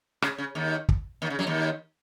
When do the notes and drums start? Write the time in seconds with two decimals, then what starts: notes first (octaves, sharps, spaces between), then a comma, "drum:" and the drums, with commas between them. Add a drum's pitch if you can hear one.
0.22 C#3, drum: rim click
0.38 C#3
0.55 D#2 D#3
0.89 drum: kick
1.22 D#2 D#3
1.30 C#3
1.39 F#2 F#3
1.47 D#2 D#3